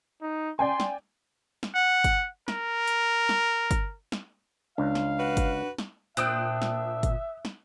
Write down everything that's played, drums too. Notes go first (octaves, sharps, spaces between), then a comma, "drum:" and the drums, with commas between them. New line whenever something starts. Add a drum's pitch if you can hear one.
D#4
D5 G5 G#5 C6
drum: snare
drum: snare
F#5
drum: kick G1, hi-hat
A#4, drum: snare
drum: hi-hat
drum: snare
drum: kick G1, hi-hat
drum: snare
C#2 D4 F5
drum: snare
F#4 B4
drum: kick G1, hi-hat
drum: snare
A#2 C4 D4 E5 G5 D#6 F#6, drum: hi-hat
drum: snare
drum: kick G1, hi-hat
drum: snare